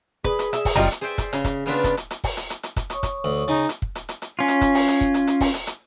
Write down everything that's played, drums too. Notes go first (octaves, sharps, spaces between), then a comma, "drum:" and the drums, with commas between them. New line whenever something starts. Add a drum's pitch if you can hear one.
G#4 B4, drum: kick
drum: hi-hat
E5, drum: hi-hat
drum: kick, open hi-hat
F#1 F#2 G3 F4 D#5 A#5
drum: hi-hat
G#4 C5 D5 E5 G5
drum: kick, hi-hat
C#3, drum: hi-hat
drum: kick, hi-hat
C#3 A#3 B3 D4 F4 E5
drum: kick, hi-hat
drum: hi-hat
drum: hi-hat
drum: kick, open hi-hat
drum: hi-hat
drum: hi-hat
drum: hi-hat
drum: kick, hi-hat
C#5 C#6 D#6, drum: hi-hat
drum: kick, hi-hat
D2
C#3 D#4
drum: hi-hat
drum: kick
drum: hi-hat
drum: hi-hat
drum: hi-hat
C#4 F4
drum: hi-hat
drum: kick, hi-hat
drum: open hi-hat
drum: hi-hat
drum: kick
drum: hi-hat
drum: hi-hat
drum: kick, open hi-hat
drum: hi-hat
drum: hi-hat